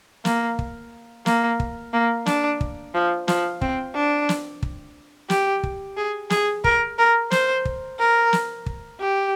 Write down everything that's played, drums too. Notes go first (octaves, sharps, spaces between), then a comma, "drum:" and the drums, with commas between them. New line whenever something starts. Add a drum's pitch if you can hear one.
A#3, drum: snare
drum: kick
A#3, drum: snare
drum: kick
A#3
D4, drum: snare
drum: kick
F3
F3, drum: snare
C4, drum: kick
D4
drum: snare
drum: kick
G4, drum: snare
drum: kick
G#4
G#4, drum: snare
A#4, drum: kick
A#4
C5, drum: snare
drum: kick
A#4
drum: snare
drum: kick
G4